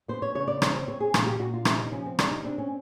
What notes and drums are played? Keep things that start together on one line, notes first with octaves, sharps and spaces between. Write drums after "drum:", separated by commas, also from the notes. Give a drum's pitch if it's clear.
B3 C5
C#5
C#3 C#5
D5
C4 D5, drum: rim click
C5
C4 C#5
G#4
A#2, drum: rim click
G4
A#2 F#4
F4
C3 E4, drum: rim click
D#4
F3 C#4
C4
C3 D4, drum: rim click
D#4
C4 D4
C#4